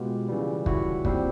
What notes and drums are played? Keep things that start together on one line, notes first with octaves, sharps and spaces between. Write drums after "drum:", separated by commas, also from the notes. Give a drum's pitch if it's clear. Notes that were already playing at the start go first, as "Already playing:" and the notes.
Already playing: B2 G#3 B3 F4 G4
C#3 E3 G3
E4 F#4, drum: kick
A#2 G3 C4, drum: kick